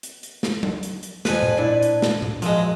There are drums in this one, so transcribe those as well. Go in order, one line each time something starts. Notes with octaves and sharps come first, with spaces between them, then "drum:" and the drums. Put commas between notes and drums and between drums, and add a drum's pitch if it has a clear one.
drum: hi-hat
drum: hi-hat
drum: snare
drum: tom F#3
drum: hi-hat
drum: hi-hat
F2 B4 G#5, drum: snare
drum: tom A#2
A#2 D4 E4
drum: hi-hat
drum: snare
drum: tom A#2
F#2 F3 F#3 G#3 D#5, drum: hi-hat